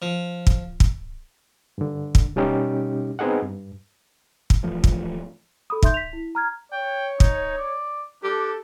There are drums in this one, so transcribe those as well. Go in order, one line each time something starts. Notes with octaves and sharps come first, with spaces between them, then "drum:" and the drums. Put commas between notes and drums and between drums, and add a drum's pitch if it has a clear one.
F3
drum: kick
drum: kick
G2 D3
drum: kick
B2 G3 C#4 D#4 G4
B3 C4 D#4 G#4 D#5 F#5
G2
drum: kick
G2 E3 F3 A3
drum: kick
A4 B5 D#6
D#4 E5 C6 G6, drum: kick
B6 F7
E4
A#5 F6 G#6
C#5 G5
D#4, drum: kick
D5
D4 G4 A4